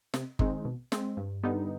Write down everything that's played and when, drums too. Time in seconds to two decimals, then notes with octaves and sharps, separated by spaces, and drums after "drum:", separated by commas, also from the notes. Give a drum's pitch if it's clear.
0.14 C3, drum: snare
0.39 D#3 G#3 C4 D#4, drum: kick G1
0.65 B2
0.92 G#3 C4, drum: snare
1.17 G2
1.43 D3 G3 B3 D#4